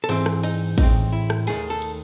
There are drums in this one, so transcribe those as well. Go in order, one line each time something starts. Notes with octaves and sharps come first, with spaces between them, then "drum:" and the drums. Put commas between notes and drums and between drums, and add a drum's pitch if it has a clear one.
A4
G#2 E3 C4 C5, drum: cymbal
drum: rim click
D#4, drum: cymbal
A2 E3 G#3 C4 D#4, drum: kick G#1, cymbal
E4
drum: rim click
D#2 D#3 A3 G#4, drum: cymbal
A4
drum: cymbal